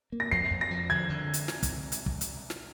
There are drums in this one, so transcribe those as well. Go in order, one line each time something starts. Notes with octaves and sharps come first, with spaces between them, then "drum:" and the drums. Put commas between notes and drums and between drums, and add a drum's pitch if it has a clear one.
A#3
A#6
F2 C7
F2
A#6
F3
D3 G#6
D3
drum: hi-hat
drum: snare
drum: kick, hi-hat
drum: hi-hat
drum: kick
drum: hi-hat
drum: snare